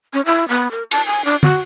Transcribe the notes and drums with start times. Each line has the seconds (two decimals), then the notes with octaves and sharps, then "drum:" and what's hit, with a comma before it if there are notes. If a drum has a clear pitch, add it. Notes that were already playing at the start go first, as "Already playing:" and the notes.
0.13 C#4
0.26 E4
0.49 B3
0.71 A#4
0.91 A5, drum: cymbal
1.06 G#5
1.25 D4
1.43 F#4, drum: tom